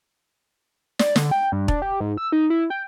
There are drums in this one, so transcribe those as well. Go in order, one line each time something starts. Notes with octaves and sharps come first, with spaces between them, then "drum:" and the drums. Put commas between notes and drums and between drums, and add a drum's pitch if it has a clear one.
D5, drum: snare
D3, drum: snare
G5
G2
D4, drum: kick
G4
G#2
E6
D#4
E4
G5